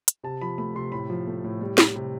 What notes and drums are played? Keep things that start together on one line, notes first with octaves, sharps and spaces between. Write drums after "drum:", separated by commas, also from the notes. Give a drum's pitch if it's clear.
drum: hi-hat
C3 A5
F3 B5
A3 B5
C3 C6
A2 B5
F3
A3
A2
G3
G3, drum: snare
C3